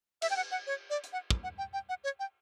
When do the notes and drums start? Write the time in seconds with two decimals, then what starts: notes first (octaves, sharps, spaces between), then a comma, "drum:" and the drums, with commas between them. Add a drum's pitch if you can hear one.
0.22 E5, drum: cymbal
0.30 G5
0.37 F#5
0.51 F#5
0.67 C#5
0.90 D5
1.04 drum: hi-hat
1.13 F#5
1.31 drum: kick
1.44 F#5
1.58 G5
1.73 G5
1.89 F#5
2.04 C#5
2.19 G5